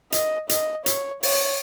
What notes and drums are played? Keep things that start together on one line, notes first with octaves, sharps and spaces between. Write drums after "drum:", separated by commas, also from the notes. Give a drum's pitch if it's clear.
D#5, drum: hi-hat
D#5, drum: hi-hat
C#5, drum: hi-hat
C#5, drum: open hi-hat